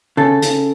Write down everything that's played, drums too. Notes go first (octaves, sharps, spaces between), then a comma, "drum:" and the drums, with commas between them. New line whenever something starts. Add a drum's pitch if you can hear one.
C#3 A4
C#3, drum: hi-hat